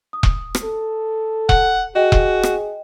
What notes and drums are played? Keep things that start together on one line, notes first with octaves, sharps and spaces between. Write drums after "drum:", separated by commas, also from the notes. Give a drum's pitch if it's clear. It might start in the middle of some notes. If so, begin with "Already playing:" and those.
D#6
drum: kick E1
drum: rim click
A4
F#5, drum: kick E1
F#4 G#4 D#5 G5
drum: kick E1
drum: rim click